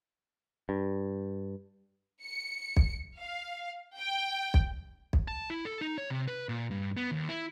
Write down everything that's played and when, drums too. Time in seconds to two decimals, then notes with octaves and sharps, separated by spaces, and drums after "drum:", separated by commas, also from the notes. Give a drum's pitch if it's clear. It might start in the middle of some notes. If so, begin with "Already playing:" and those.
0.69 G2
2.22 C#7
2.77 drum: kick B1
3.17 F5
3.97 G5
4.54 drum: kick B1
5.13 drum: kick B1
5.28 A5
5.50 E4
5.65 A4
5.81 D#4
5.98 C#5
6.11 C3
6.27 B4
6.49 A#2
6.71 G2
6.97 B3
7.12 D#2
7.29 E4